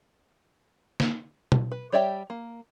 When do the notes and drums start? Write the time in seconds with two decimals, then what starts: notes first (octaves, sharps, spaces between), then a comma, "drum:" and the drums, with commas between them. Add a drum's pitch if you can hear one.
1.00 drum: snare
1.52 drum: tom B2
1.72 B4
1.92 G3 C#5 D5 E5 G5
2.30 A#3